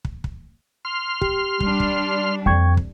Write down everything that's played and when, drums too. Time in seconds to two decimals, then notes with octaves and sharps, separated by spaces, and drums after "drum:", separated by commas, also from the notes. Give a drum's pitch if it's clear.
0.05 drum: kick
0.24 drum: kick
0.85 C6 F6
1.21 G4, drum: kick
1.60 G3 D4, drum: kick
1.80 drum: kick
2.46 F2 G5 C#6 G#6
2.77 drum: kick